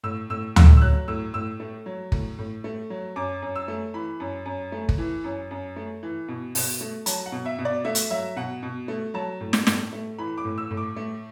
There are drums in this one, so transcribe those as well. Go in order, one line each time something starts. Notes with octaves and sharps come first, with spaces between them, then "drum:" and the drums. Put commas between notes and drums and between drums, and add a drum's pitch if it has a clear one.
A2 E6
A2 E6
A3 E6, drum: tom D2
E6
F#3 F#6
A2 E6
A2 E6
A3
F#3
A2, drum: kick
A2
A3
F#3
F#2 D6
F#2
E6
A3
E3 B5
F#2
F#2
A3
drum: kick
E3
F#2
F#2
A3
E3
B2
B2, drum: open hi-hat
A3
F#3 A5, drum: hi-hat
F#5
B2
E5
B2
D5
A3 E5
drum: hi-hat
F#3 E5
B2 F#5
B2
A3
F#3 A5
A2
drum: snare
A2, drum: snare
A3
E3 B5
D6
A2
E6
A2
D6
A3